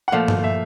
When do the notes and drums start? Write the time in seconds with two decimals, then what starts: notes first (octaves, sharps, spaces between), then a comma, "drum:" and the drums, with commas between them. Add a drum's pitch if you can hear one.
0.08 F#5
0.12 A#2 F3 A3 F5
0.28 drum: tom G2
0.44 E5